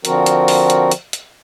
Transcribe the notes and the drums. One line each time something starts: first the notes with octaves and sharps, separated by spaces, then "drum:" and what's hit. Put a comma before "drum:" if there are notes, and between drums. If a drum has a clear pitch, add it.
D3 F3 C4 F#4 A#4, drum: hi-hat
drum: hi-hat
drum: open hi-hat
drum: hi-hat
drum: hi-hat
drum: hi-hat